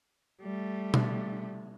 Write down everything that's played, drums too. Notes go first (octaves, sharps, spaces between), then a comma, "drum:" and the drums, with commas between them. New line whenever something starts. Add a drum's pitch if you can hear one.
G3 A3
drum: tom B2